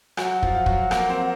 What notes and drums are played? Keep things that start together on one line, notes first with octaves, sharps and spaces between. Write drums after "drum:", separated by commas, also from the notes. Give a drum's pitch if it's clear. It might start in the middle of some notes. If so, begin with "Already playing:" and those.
F#3 F#4 G#5, drum: rim click
F#5
F3 F4, drum: kick
F4
F#3 F#4, drum: kick
A#3 A#4, drum: rim click
C4 C5